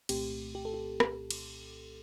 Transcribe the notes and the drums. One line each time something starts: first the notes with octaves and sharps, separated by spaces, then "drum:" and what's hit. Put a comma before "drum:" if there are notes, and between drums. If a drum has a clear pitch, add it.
C2 A#2 A3 C4 G4, drum: cymbal
G4
A4
G4
drum: rim click
drum: cymbal